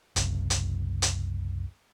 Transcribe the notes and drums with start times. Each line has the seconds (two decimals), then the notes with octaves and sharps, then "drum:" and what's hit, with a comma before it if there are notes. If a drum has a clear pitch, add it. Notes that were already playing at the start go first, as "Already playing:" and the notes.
0.16 F#1 C2, drum: hi-hat
0.50 drum: hi-hat
1.02 drum: hi-hat